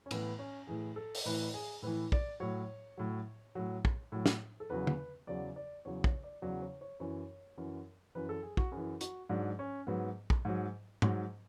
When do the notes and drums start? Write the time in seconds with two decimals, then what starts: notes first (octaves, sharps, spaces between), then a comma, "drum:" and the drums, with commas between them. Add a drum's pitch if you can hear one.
0.06 C#4
0.11 A2 E3 B3, drum: cymbal
0.39 C#4
0.67 A2 E3 G#4
0.96 A4
1.15 drum: open hi-hat
1.25 A2 E3 B4
1.54 G#4
1.82 A2 E3 B4
2.12 D5, drum: kick
2.40 A2 F#3 C#5
2.98 A2 F#3
3.55 A2 F#3
3.85 drum: kick
4.12 A2 F#3
4.26 drum: snare
4.60 A4
4.70 E2 C#3 F#3 B4
4.87 drum: tom
5.27 E2 C#3 F#3 D5
5.56 D5
5.85 E2 C#3 F#3 C#5
6.04 C#5, drum: kick
6.23 D5
6.42 E2 C#3 F#3 D5
6.62 C#5
6.81 C#5
7.00 F#2 E3 C#5
7.58 F#2 E3
8.15 F#2 E3 B4
8.29 A4
8.43 G#4
8.57 F#4, drum: kick
8.72 F#2 G#4
8.77 E3
9.01 F#4, drum: hi-hat
9.29 G#2 F#3 D4
9.59 C#4
9.87 G#2 F#3 B3
10.30 drum: kick
10.45 G#2 F#3
11.02 G#2 F#3, drum: tom